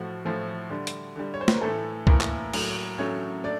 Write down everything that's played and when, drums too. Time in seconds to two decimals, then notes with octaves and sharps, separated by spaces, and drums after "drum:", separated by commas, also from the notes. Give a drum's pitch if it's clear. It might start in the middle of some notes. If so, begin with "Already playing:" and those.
Already playing: A2 F3 A3 F#4
0.25 A2 F3 A3
0.70 D3 G3
0.87 drum: hi-hat
1.16 D3 G3
1.34 C#5
1.41 C5
1.48 B4, drum: snare
1.54 A#4
1.61 A2 E3 A3 A4
2.07 A2 E3 A3 A#3 A#4, drum: kick B1
2.21 drum: clap
2.54 A2 F#3 A3, drum: cymbal
2.98 A2 F#3 A3 C#4 C#5
3.44 A3 D4 D5